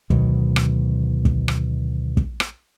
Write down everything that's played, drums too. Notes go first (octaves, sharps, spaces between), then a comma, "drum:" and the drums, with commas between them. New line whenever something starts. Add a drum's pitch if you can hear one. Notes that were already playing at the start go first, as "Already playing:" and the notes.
D2 B2 D#3 F#3, drum: kick
drum: rim click
drum: kick
drum: rim click
drum: kick
drum: rim click